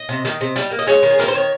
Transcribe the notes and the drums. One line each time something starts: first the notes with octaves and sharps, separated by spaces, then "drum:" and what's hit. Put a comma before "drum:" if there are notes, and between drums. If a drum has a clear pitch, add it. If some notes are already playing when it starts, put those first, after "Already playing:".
Already playing: D#5
C3
D#3, drum: hi-hat
C3
G3, drum: hi-hat
A#3
D#5
G#3 C#5, drum: hi-hat
D#3
G#4
C4 A#4, drum: hi-hat
C5
D#3 C#5